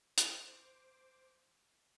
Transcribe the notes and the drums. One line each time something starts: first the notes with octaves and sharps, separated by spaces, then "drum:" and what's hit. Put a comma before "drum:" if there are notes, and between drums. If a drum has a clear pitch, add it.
C5 D6, drum: hi-hat